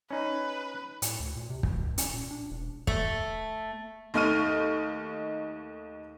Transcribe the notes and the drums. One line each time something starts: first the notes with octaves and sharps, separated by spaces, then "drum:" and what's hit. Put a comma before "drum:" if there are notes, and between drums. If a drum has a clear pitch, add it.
C#4 D#4 B4
A2, drum: hi-hat
D2
A#2
C3
C#2, drum: kick
C#2
C#4, drum: hi-hat
A#2
D4
E1
A3, drum: kick
D#2 A3 D#4 C#6 F6 D#7